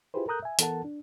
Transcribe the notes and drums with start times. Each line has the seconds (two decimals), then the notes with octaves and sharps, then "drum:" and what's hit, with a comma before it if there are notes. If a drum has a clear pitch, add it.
0.14 E4 F4 G4 G#4 B4 C5
0.27 A4 A#4 A#5 D#6 F#6 G6
0.43 E5 G#5
0.59 E3 B3 A4 A#4 F#5 A5, drum: hi-hat
0.84 D4